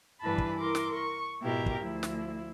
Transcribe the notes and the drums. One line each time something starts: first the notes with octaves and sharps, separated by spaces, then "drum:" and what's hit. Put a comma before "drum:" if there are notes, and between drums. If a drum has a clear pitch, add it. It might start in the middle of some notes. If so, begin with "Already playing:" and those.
G2 E3 D4 B4 A5 B5
drum: kick
E4 A#4 C6 D6
drum: snare
C#6
G#2 B2 E4 G4 A#4
drum: kick
D2 F3 E4
drum: snare